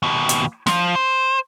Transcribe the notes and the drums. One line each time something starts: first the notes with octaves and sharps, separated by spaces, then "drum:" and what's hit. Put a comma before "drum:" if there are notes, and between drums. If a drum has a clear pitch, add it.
D#2 B2
drum: hi-hat
F3, drum: snare
C5